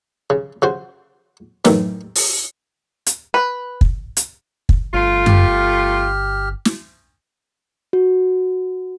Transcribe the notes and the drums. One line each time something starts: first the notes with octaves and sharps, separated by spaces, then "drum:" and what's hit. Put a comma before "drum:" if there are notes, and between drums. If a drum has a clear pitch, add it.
C#3
C#3 F#4 C5
F#2 A2 D#3 E3, drum: snare
drum: open hi-hat
drum: hi-hat
B4
drum: kick
drum: hi-hat
drum: kick
G1 A3 F4
G4 F6, drum: tom F#2
drum: snare
F#4